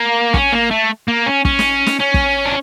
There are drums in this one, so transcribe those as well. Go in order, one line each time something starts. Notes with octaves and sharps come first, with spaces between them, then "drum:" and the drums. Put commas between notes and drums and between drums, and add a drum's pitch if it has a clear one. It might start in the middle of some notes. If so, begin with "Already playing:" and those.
Already playing: A#3
C#4, drum: kick
A#3
A3
A#3
C#4
C#4, drum: kick
drum: snare
drum: snare
C#4
drum: kick
D4